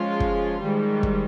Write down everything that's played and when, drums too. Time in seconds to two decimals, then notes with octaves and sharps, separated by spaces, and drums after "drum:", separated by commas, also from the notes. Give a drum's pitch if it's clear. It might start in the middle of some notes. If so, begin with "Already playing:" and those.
Already playing: F3 G#3 C#4 F4
0.20 drum: kick
0.62 G#2 D#3 G3
1.03 drum: kick